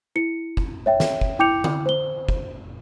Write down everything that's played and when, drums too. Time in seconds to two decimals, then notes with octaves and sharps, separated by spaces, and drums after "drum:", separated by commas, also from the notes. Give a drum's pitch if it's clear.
0.16 E4 C#7
0.57 drum: kick
0.86 C#5 E5 G5
1.00 drum: snare
1.21 drum: kick
1.39 E4 G5 D6 G6 C#7 F7
1.64 drum: tom D3
1.86 C5 G7
2.29 drum: kick